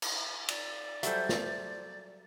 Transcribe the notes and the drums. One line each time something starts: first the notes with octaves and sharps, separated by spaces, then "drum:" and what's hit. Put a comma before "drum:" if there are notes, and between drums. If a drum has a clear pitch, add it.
drum: cymbal
D5, drum: cymbal
F#3 G3 A4 C5 E5, drum: hi-hat
drum: snare